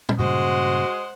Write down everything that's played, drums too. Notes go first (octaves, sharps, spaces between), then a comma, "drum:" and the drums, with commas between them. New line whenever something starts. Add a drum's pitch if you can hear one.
drum: tom
G2 A#2 C#3 G#3 F#4 C5 F#5